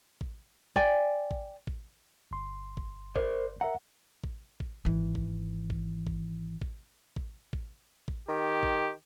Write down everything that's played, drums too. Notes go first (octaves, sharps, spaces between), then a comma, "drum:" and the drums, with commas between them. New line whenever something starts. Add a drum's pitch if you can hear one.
drum: kick A1
D5 G5 G#5, drum: kick A1
drum: kick A1
drum: kick A1
G1 C6
drum: kick A1
A#4 C5 D5, drum: kick A1
A#4 E5 F#5 A#5
drum: kick A1
drum: kick A1
G#1 E3
drum: kick A1
drum: kick A1
drum: kick A1
drum: kick A1
drum: kick A1
drum: kick A1
drum: kick A1
D#3 G4
drum: kick A1